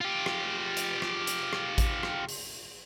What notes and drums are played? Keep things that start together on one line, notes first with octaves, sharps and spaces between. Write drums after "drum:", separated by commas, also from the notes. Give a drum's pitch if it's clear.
F4 G4
drum: rim click
drum: hi-hat
drum: rim click
drum: hi-hat
drum: rim click
drum: kick A1, hi-hat
drum: rim click
drum: open hi-hat